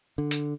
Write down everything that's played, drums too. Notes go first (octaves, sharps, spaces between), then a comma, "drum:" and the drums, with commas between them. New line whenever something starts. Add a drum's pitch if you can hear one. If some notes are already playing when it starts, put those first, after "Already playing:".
D3
drum: hi-hat